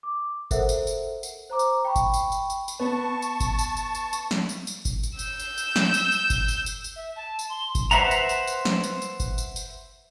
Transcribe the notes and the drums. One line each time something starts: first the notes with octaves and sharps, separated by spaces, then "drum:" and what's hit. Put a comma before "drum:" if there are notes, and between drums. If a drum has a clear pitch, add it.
D6
A4 A#4 C5 E5 F#5, drum: kick G1, tambourine
drum: tambourine
drum: tambourine
drum: tambourine
C5 A#5 D6
drum: tambourine
G5 B5 C#6
drum: kick G1, tambourine
drum: tambourine
drum: tambourine
drum: tambourine
drum: tambourine
B3 A5 C#6
drum: tambourine
drum: kick G1, tambourine
drum: tambourine
drum: tambourine
drum: tambourine
drum: tambourine
drum: snare
drum: tambourine
drum: tambourine
drum: kick G1, tambourine
drum: tambourine
E6 G6, drum: tambourine
drum: tambourine
drum: tambourine
drum: snare
drum: tambourine
drum: tambourine
drum: kick G1, tambourine
drum: tambourine
drum: tambourine
drum: tambourine
E5
A5
drum: tambourine
C6
drum: kick G1, tambourine
B4 C5 E5 F#5 A#5, drum: tambourine
drum: tambourine
drum: tambourine
drum: tambourine
drum: snare
drum: tambourine
drum: tambourine
drum: kick G1, tambourine
drum: tambourine
drum: tambourine